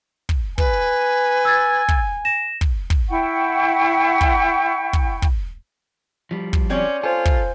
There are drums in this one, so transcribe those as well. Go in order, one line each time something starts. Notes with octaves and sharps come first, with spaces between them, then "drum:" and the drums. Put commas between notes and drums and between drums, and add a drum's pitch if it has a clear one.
drum: kick
B4 G#5, drum: kick
E6 G#6 A6
drum: kick
A#6 E7
drum: kick
drum: kick
E4 F#5 G5 C#6
drum: kick
drum: kick
drum: kick
F3 G3
drum: kick
C4 C#4 C#5 D5
F4 A4 C5 G#5
drum: kick